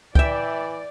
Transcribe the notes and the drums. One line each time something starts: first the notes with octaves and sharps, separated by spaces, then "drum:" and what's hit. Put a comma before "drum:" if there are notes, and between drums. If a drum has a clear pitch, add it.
E3 D5 E5 G5, drum: kick